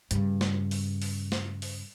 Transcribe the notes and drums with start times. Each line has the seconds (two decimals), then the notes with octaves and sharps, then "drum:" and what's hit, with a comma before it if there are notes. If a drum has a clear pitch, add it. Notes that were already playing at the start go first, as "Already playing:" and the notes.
0.11 G2 C#3, drum: hi-hat
0.41 drum: snare
0.71 drum: open hi-hat
1.02 drum: open hi-hat
1.32 drum: snare
1.62 drum: open hi-hat